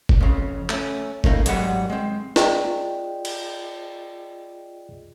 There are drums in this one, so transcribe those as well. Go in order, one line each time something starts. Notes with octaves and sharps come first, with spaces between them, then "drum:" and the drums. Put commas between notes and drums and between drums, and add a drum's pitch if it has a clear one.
drum: kick G1
F2 C#3
A3 C#4, drum: clap
C#3 A3 A#3 D#4, drum: kick G1
G#2 F#3 G3 F#5 B5, drum: hi-hat
G#3 C4
F4 G#4 D5 D#5 G5, drum: snare
drum: cymbal